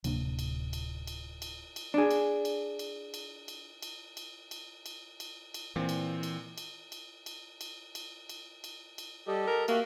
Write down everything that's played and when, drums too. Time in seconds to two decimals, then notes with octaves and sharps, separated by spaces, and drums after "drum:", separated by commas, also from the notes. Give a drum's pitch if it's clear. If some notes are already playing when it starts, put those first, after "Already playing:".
0.04 D1 C3 A#3 D4, drum: cymbal
0.39 drum: cymbal
0.73 drum: cymbal
1.07 drum: cymbal
1.42 drum: cymbal
1.76 drum: cymbal
1.94 D4 G#4
2.11 drum: cymbal
2.45 drum: cymbal
2.79 drum: cymbal
3.14 drum: cymbal
3.48 drum: cymbal
3.82 drum: cymbal
4.17 drum: cymbal
4.51 drum: cymbal
4.86 drum: cymbal
5.20 drum: cymbal
5.54 drum: cymbal
5.76 A#2 E3 C4
5.89 drum: cymbal
6.23 drum: cymbal
6.58 drum: cymbal
6.92 drum: cymbal
7.26 drum: cymbal
7.61 drum: cymbal
7.95 drum: cymbal
8.29 drum: cymbal
8.64 drum: cymbal
8.98 drum: cymbal
9.27 G3 G4 A4 D#5
9.47 A#4
9.68 A#3 F#4 G4 E5, drum: cymbal